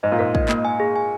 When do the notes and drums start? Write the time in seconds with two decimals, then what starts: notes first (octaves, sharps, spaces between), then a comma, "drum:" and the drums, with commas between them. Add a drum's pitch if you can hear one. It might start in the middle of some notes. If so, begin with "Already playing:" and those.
0.03 G#2 D#5
0.12 A#2
0.19 G#2 A#4
0.35 D#5, drum: kick
0.49 A#3, drum: clap
0.65 G#5
0.80 G#4
0.96 G#5